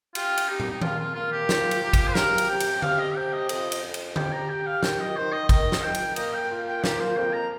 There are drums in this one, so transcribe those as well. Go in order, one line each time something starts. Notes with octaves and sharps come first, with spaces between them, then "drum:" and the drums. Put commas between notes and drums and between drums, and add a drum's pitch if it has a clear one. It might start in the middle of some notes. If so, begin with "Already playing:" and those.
F4 G4, drum: cymbal
drum: cymbal
D#4 G4
drum: tom
D#4
A#3 F4, drum: tom D#3
F4
A#3 F4
G4
F4, drum: snare
drum: cymbal
A#3
drum: kick G#1, cymbal
C5
G4 A#4, drum: snare
drum: cymbal
C3 G5
drum: cymbal
G4 F5, drum: tom D3
D#5
C3 G5
D#5
F2 D#5, drum: cymbal
drum: cymbal
F2
drum: cymbal
G4 G5, drum: tom D3
A#5
G4 G5
F5
D#3 G5, drum: snare
D#5
D#3 C5
D#5
D#3 D#5, drum: kick G#1, cymbal
drum: snare
D#3 G5
drum: cymbal
A#3 D#5, drum: cymbal
G5
F4
G5
A#3 G4, drum: snare
C5
F2 G5
A#5